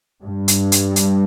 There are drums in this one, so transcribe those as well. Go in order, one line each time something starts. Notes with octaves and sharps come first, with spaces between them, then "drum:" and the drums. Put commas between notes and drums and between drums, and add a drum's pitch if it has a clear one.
G2
drum: hi-hat
drum: hi-hat
drum: hi-hat